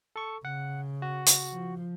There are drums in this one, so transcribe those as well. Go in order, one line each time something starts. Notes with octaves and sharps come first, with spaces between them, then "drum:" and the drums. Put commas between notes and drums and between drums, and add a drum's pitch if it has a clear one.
A4 C#6
C#3 F#5
F#4
drum: hi-hat
F3